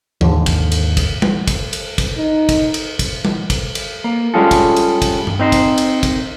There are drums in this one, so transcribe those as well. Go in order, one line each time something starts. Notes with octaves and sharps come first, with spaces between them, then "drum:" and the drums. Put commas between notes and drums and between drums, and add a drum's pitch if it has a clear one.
D#2 G#2 D3, drum: tom E3
drum: kick, cymbal
drum: cymbal
drum: kick, cymbal
drum: tom G3
drum: kick, cymbal
drum: cymbal
drum: kick, cymbal
D#4
drum: kick, cymbal
drum: cymbal
drum: kick, cymbal
drum: tom G3
drum: kick, cymbal
drum: cymbal
A#3
G3 G#3 C#4 F4 G#4 A4
drum: kick, cymbal
drum: cymbal
drum: kick, cymbal
drum: tom G2
C4 D#4 C5
drum: kick, cymbal
drum: cymbal
drum: kick, cymbal